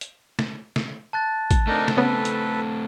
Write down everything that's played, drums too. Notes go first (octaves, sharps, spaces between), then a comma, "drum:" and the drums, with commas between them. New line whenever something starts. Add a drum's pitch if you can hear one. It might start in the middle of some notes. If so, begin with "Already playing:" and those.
drum: hi-hat
drum: snare
drum: snare
A5 F#6 A6
drum: kick A1, hi-hat
A3 C4 D4 D#4 A#4
drum: snare
C#3 B3 A4 B4
drum: hi-hat